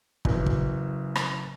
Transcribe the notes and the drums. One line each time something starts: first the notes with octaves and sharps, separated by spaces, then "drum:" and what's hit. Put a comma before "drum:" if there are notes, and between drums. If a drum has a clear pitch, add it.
F#1 C#3 E3 F#3, drum: kick
drum: kick
drum: rim click